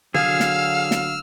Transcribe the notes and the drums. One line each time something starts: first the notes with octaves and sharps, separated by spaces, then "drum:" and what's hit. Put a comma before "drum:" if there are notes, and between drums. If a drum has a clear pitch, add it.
D3 F#3 G#4 F5 E6 F6, drum: tom
drum: snare
drum: snare